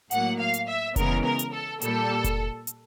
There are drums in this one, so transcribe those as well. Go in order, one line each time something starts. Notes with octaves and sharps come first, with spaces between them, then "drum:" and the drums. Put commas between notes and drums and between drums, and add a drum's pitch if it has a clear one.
A2 F#3 A#3 F#5, drum: hi-hat
F5
drum: hi-hat
E5
C#3 E3 G#3 B3 A#4, drum: kick F1, hi-hat
A#4
drum: hi-hat
A4
A#2 G3 A#3 A4, drum: hi-hat
drum: kick F1, hi-hat
drum: hi-hat